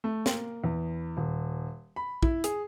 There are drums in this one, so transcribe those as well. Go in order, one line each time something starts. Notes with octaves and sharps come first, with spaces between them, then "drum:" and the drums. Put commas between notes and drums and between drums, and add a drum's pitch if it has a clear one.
A3
A#3, drum: snare
E2
D#1
B5
E4, drum: kick
G#4, drum: hi-hat